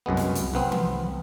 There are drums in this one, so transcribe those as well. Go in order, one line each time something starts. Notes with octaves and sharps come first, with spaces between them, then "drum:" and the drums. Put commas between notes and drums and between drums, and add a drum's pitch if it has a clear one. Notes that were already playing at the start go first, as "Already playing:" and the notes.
C2 F#2 G#3 B3
drum: snare
drum: hi-hat
C2 B3 C4
drum: tom E3